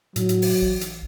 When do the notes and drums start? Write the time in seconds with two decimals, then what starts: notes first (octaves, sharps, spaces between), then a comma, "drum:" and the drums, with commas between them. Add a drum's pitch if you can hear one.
0.16 A2 F#3, drum: hi-hat
0.29 drum: hi-hat
0.42 drum: open hi-hat
0.62 A1
0.81 drum: hi-hat